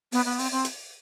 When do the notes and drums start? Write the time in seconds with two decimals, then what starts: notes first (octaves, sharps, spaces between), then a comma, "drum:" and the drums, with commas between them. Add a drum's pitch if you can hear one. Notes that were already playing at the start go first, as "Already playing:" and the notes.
0.12 B3, drum: open hi-hat
0.25 B3
0.39 C4, drum: open hi-hat
0.51 C4
0.65 drum: hi-hat